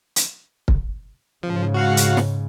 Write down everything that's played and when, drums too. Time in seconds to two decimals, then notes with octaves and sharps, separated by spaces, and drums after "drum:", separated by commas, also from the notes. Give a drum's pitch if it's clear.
0.16 drum: hi-hat
0.68 drum: kick
1.43 G#2 C#3 F3
1.74 F#4 F5 F#5
1.97 drum: hi-hat
2.17 drum: snare